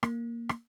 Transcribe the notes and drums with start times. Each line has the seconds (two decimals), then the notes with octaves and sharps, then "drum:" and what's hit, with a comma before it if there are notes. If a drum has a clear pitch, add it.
0.03 A#3, drum: rim click
0.49 drum: rim click